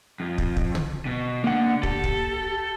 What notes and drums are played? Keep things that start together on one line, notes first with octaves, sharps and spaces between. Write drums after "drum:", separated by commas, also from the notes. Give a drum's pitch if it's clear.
F2
drum: kick
drum: kick
drum: tom
B2
D3 A#3 F#5
G4 A4, drum: kick
drum: kick